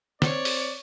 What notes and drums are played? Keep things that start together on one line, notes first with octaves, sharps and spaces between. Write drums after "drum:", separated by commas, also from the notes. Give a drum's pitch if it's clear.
C4 C#5 D5, drum: snare
drum: open hi-hat